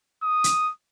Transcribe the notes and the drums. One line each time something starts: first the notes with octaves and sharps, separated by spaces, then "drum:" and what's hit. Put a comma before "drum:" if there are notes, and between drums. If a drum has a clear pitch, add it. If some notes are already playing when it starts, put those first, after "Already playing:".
D#6
drum: hi-hat